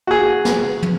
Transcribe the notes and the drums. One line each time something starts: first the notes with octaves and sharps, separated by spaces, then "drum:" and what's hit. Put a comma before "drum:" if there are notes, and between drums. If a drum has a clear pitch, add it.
F#4 G#4
drum: snare
drum: tom